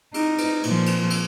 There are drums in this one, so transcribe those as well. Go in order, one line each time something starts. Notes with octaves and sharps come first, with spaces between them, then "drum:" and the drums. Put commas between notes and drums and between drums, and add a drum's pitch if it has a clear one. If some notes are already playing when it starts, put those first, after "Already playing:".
D#4, drum: cymbal
drum: cymbal
A#2 F3, drum: cymbal
drum: cymbal
drum: cymbal